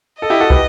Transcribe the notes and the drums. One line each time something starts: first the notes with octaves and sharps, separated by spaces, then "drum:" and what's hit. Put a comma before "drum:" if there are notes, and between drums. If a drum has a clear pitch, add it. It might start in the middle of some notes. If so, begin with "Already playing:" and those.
A4 D#5
E4 G4
F#4 A4
G4 B4, drum: kick